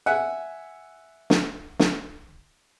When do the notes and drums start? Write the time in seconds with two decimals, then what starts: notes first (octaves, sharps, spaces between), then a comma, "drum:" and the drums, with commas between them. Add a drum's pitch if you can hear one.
0.06 E5 F#5 G#5
1.30 drum: snare
1.79 drum: snare